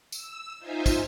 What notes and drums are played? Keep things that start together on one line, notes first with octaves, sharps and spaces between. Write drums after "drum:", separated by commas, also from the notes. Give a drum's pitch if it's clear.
E6, drum: tambourine
D#4 F4 C5 E5 G#5
drum: kick, tambourine